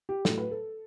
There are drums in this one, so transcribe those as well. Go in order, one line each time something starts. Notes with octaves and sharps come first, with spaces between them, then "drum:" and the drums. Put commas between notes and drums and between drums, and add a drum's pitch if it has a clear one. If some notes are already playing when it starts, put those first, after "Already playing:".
G4
A2 F#3 A4, drum: snare
B4
A4